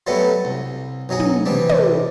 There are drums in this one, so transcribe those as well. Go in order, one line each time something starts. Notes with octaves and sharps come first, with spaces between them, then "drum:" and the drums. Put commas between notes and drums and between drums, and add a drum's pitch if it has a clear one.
F#3 G3 A3 B3 E4 A4
C2
B1 F#3 D#4 G#4
drum: tom
C3 E3 G3 D4
drum: tom